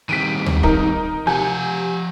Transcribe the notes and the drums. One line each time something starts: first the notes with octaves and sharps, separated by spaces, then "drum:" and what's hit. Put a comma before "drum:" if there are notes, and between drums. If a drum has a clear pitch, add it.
D#3 G3 C4 B6 D7 D#7
drum: tom D2
D#4 A#4, drum: kick
C3 F3 F#5 G#5 G6